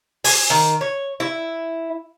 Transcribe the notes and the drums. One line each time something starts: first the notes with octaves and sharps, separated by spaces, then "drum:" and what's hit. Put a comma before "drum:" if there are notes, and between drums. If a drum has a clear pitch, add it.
G#5, drum: open hi-hat
D#3
C#5
E4